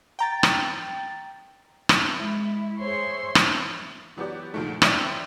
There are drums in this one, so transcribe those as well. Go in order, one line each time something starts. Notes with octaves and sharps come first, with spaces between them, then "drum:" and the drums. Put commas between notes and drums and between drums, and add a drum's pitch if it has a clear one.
G5 A#5 A6
drum: rim click
drum: rim click
G#3 E4
G#4 C5 C#5 E5 C6 C#6
drum: rim click
E3 F#3 B3 G4 D5
D2 A#2 D#3 F3 A3
C5 D5 E5 G5, drum: rim click